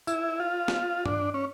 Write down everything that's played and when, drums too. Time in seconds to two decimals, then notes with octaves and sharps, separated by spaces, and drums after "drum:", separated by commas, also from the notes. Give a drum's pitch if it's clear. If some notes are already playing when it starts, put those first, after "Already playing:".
0.07 E4, drum: tambourine
0.40 F4
0.68 drum: snare
1.06 D4, drum: tom G2
1.34 C#4